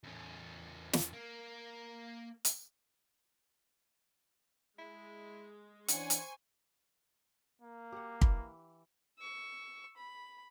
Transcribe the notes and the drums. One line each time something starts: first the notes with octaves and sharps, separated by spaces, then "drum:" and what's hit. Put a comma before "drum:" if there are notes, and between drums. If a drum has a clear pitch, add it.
E2 C#4
drum: snare
A#3
drum: hi-hat
G#3 E4
E3 C#4 D4 C5 F#5 G#5 C#6, drum: hi-hat
drum: hi-hat
A#3
G4 F#5
E3, drum: kick
C#6 E6
B5